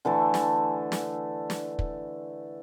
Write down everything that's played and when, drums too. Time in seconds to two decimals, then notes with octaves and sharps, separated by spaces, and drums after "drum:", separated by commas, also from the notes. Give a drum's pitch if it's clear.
0.05 D3 E3 A3 A4
0.34 drum: snare
0.92 drum: snare
1.50 drum: snare
1.79 drum: kick